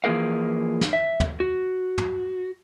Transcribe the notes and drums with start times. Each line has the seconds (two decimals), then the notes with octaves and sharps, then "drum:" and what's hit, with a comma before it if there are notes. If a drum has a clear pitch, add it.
0.04 E3 F3 A#3 G#4 A#4 F5
0.81 drum: snare
0.93 E5
1.20 drum: tom
1.40 F#4
1.98 drum: tom